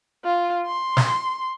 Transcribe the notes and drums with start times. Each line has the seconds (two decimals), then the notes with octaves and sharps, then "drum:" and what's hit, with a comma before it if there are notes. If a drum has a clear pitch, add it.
0.24 F4
0.66 C6
0.97 drum: snare